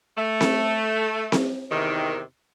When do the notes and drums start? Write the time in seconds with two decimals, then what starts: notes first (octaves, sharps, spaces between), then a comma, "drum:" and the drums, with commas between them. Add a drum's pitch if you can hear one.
0.18 A3
0.41 drum: snare C4
1.32 drum: snare C4
1.71 E2 C3 D#3